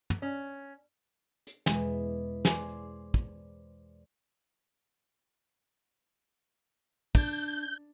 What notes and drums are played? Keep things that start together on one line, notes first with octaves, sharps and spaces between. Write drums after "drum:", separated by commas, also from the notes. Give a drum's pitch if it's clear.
drum: tom
C#4
drum: hi-hat
E2 B2 E3 G#3 B3, drum: snare
G#4 C5 D5 G#5, drum: snare
drum: kick
D4 G6, drum: kick